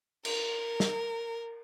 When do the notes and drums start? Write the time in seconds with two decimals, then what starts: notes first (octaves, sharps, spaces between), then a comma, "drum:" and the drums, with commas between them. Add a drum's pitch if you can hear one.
0.25 A#4, drum: cymbal
0.80 drum: snare